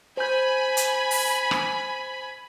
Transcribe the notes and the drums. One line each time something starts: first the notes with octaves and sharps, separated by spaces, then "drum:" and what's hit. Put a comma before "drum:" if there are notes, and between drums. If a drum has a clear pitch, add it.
C5 G#5 B5 G6
drum: hi-hat
drum: open hi-hat
drum: rim click